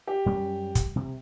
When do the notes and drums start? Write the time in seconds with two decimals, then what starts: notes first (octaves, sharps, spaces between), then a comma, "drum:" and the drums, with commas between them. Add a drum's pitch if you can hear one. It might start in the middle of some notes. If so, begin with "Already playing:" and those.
0.07 G4
0.26 F#2 G3 C#4
0.75 drum: kick, hi-hat
0.96 C3